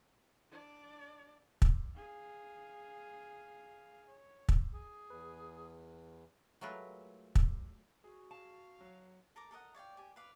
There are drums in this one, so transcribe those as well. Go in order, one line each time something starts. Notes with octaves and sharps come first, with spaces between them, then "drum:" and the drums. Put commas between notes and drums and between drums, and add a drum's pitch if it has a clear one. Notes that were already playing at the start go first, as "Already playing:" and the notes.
D4 D5
drum: kick
G#4 F5
C#5
drum: kick
G#4
E2 B4
F#3 G#3 A3 F4 A#4 B4
drum: kick
F#4 G#4
F5 A5
F#3
A4 A#4 A#5 D6
A4 A#4 D#5 F#5
C#5 D5 F5 G5
G4 G#5
B4 F5 D6